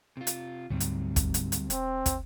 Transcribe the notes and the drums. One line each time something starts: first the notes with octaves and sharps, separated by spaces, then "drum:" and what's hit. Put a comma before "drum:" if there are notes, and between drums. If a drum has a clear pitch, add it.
C3 F4
drum: hi-hat
D2 G#2 F#3 G3 C4
drum: hi-hat
drum: kick, hi-hat
drum: hi-hat
drum: hi-hat
E1 C4, drum: hi-hat
drum: kick, hi-hat